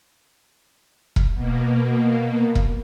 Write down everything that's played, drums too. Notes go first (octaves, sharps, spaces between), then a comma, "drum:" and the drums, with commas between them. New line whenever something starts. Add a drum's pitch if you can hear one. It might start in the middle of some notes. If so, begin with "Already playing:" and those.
drum: kick E1
B2 A#3
drum: kick E1